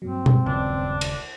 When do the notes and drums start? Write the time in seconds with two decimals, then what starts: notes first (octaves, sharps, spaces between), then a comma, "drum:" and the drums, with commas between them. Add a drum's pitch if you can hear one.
0.02 G2 A#2 F#3 C4
0.26 drum: tom B2
0.46 D#1 C#2 D4
1.01 drum: cymbal